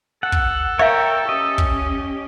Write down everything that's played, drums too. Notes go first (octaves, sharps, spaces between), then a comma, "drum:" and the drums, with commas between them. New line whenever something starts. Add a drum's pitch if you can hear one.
A4 F#5
drum: kick
A#4 C#5 E5 F5 G5
C#4 G4 D#5
drum: kick